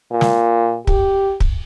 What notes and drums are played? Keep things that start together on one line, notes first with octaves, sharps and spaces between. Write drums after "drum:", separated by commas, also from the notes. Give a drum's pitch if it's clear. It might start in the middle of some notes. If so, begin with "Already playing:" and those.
A#2
drum: snare
G4, drum: kick
drum: kick